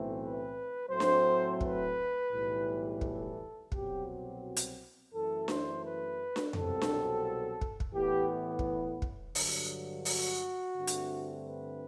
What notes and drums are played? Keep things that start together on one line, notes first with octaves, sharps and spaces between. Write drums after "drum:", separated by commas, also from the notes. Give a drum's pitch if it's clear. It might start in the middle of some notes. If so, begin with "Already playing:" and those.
Already playing: B1 A2 E3 A3 C4
B4
A2 F#3 A3 C4 C5
drum: snare D4
B4, drum: kick
B1 A2 E3 G3
A4, drum: kick
C2 B2 F#3 C4 G4, drum: kick
drum: hi-hat
F#2 E3 A3 A4
C5, drum: snare D4
B4
drum: snare D4
C2 B2 F#3 C4 A4, drum: tom F2
drum: snare D4
drum: kick
drum: kick
A2 E3 B3 G4
drum: kick
drum: kick
G2 D3 F#3, drum: open hi-hat
F#4, drum: open hi-hat
G2 D3 A3 C4
drum: hi-hat
B4